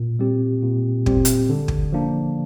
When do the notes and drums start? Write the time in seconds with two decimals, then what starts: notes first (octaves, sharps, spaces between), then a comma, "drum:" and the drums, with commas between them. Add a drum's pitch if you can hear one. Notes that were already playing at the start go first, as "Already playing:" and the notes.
Already playing: A#2
0.19 G3 C4 G4
0.63 A#2
1.06 G3 C4 G4, drum: kick
1.25 drum: hi-hat
1.49 D3
1.68 drum: kick
1.92 F3 A#3 D4